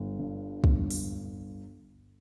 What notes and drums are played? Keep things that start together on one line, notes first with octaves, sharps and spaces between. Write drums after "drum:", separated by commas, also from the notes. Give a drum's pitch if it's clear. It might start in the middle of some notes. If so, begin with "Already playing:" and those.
Already playing: G1
G2
G1, drum: kick
drum: open hi-hat